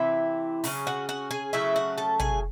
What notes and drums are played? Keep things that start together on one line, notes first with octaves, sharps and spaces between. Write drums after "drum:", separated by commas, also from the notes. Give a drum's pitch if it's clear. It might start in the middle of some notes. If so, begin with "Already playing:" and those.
Already playing: C3 E3 C4 E4 E5
C#3 F#3 A3 C#4, drum: open hi-hat
F#4 F#5
F#4 F#5
G#4 G#5
C#3 F#3 A3 E4 E5
F#4 F#5
A4 A5
G#4 G#5, drum: tom